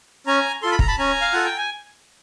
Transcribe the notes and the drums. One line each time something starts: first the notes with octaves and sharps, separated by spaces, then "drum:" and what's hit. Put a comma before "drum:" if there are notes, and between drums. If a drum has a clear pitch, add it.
C#4 G#5 A#5
F4 A4 C6
B5
A#5, drum: kick
A5 B5
C#4 G#5 A#5
F5
F4 A4 F#5
G5
G#5